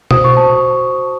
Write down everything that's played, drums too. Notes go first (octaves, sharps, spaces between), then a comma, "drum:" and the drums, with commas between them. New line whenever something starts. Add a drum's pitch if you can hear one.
F#4 C5 D#6, drum: tom B2
C#6
A5